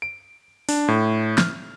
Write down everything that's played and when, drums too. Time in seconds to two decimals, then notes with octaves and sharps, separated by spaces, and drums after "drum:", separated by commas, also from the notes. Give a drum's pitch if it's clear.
0.02 D7
0.69 D4, drum: open hi-hat
0.88 A2
1.38 F6, drum: snare